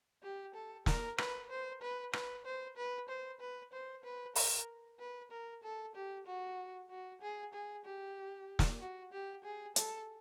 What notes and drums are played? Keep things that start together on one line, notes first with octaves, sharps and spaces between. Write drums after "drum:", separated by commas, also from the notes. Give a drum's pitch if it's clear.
G4
A4
A#4, drum: snare
B4, drum: rim click
C5
B4
B4, drum: rim click
C5
B4
C5
B4
C5
B4
A#4, drum: open hi-hat
B4
A#4
A4
G4
F#4
F#4
G#4
G#4
G4
drum: snare
F#4
G4
G#4
A4, drum: hi-hat